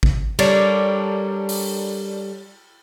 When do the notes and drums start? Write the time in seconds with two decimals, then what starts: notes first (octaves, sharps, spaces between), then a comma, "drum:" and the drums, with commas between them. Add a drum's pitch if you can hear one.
0.03 drum: kick G#1
0.39 G3 D4 A4 A#4 C#5 D5, drum: cymbal
1.49 drum: open hi-hat